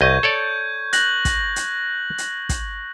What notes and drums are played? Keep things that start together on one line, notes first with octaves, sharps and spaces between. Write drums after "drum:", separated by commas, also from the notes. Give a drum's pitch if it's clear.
C2 D#5 C#6 G6 G#6
A4 C#5 D5
F#6 A#6 F#7, drum: hi-hat
drum: kick, hi-hat
drum: hi-hat
drum: hi-hat
drum: kick, hi-hat